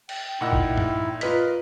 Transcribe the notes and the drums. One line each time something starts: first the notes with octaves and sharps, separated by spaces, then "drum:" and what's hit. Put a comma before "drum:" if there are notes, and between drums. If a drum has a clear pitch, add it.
G5, drum: cymbal
A#2 D#4 E4 F#5 E6
drum: kick
drum: tom G2
F4 A#4 B4 D#5 B6, drum: hi-hat